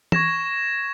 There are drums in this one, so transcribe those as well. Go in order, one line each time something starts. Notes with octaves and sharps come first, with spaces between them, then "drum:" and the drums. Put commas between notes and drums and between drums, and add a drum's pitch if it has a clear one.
C#6 G#6 A#6 E7, drum: tom